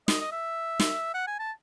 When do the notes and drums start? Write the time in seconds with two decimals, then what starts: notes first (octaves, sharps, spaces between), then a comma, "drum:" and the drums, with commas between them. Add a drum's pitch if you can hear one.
0.08 D#5, drum: snare
0.21 D#5
0.32 E5
0.80 drum: snare
1.14 F#5
1.27 G#5
1.39 A5